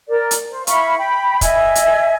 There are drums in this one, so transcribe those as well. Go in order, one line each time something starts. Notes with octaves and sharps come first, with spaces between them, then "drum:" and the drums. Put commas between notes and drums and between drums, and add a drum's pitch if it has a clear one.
A#4 D5
drum: hi-hat
C5
E4 F5 B5 C#6, drum: hi-hat
G5 B5
D#5 E5 G#5, drum: kick, hi-hat
drum: hi-hat